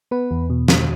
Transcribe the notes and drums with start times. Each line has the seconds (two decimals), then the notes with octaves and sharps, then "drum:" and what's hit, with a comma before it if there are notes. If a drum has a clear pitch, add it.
0.11 B3 B4
0.31 E2
0.50 B2
0.68 E2, drum: snare